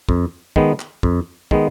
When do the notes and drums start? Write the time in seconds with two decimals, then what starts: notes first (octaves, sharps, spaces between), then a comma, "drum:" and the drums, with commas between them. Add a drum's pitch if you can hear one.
0.09 F2, drum: kick
0.56 D#3 G#3 B3, drum: kick
0.80 drum: clap
1.03 F2, drum: kick
1.51 D#3 G#3 B3, drum: kick